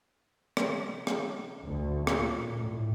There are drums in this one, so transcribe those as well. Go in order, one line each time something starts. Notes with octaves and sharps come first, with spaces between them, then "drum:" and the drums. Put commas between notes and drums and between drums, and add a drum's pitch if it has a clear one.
drum: rim click
drum: rim click
D2
A#2, drum: rim click
A2